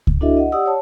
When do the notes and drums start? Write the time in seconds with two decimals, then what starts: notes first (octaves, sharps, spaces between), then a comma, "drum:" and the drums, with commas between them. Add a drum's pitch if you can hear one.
0.07 drum: kick C#2
0.21 D4 E4 F#4 A4 D#5 E5
0.37 D#5 F#5
0.52 G4 D5 F#5 D#6 E6
0.66 C#5 A5